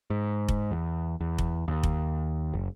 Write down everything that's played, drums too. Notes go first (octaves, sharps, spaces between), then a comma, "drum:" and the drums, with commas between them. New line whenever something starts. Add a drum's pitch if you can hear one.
G#2
drum: kick F1
E2
E2
drum: kick F1
D#2
drum: kick F1
F#1